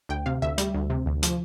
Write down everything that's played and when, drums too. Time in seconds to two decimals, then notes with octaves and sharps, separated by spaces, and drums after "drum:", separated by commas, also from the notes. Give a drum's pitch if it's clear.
0.09 D2 G5
0.26 C3 F5
0.42 D2 E5
0.58 G3, drum: hi-hat
0.75 D2
0.90 C3
1.06 D2
1.23 F3, drum: hi-hat